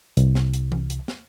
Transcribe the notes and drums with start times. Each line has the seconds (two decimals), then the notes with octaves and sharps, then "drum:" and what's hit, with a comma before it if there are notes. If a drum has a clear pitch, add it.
0.17 C2, drum: hi-hat
0.35 drum: snare
0.54 drum: hi-hat
0.72 drum: tom E3
0.90 drum: hi-hat
1.08 drum: snare